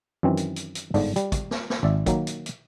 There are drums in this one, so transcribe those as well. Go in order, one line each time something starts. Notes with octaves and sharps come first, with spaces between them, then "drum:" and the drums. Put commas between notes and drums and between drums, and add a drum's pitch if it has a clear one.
F#2 D#3 E3 C4
drum: hi-hat
drum: hi-hat
drum: hi-hat
G1 G#2 D3 D4, drum: open hi-hat
G3, drum: hi-hat
drum: kick, hi-hat
drum: snare
drum: snare
G#1 D5 E5
D#3 F#3 A#3, drum: kick, hi-hat
drum: hi-hat
drum: hi-hat